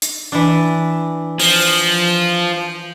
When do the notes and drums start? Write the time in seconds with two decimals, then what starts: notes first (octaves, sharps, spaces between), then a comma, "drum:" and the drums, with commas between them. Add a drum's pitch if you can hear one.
0.02 drum: hi-hat
0.32 E3 D4
1.39 F3, drum: open hi-hat